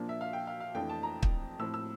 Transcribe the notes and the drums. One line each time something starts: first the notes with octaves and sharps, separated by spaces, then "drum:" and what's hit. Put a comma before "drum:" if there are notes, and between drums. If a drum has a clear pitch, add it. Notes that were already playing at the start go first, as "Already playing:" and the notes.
Already playing: A#2 F3 A#3 D4
E5
F5
G5
F5
F5
F2 E3 A3 D4 G5
A5
A#5
drum: kick
A2 F3 C4 E6
E6